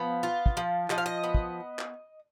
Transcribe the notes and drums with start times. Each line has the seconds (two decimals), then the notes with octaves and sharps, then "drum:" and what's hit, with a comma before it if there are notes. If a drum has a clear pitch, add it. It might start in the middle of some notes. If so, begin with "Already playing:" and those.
Already playing: F3 B3 F5
0.23 F4
0.46 drum: kick
0.57 F3
0.90 F3 D#5, drum: clap
0.98 F5
1.06 D#5
1.24 B3
1.34 drum: kick
1.79 drum: clap